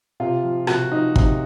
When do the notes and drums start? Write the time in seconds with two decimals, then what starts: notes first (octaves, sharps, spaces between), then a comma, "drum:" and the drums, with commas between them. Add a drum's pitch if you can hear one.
0.20 C3 F4
0.44 F3
0.67 C3 F#4, drum: rim click
0.91 F3 D#4
1.16 C3 D#4, drum: kick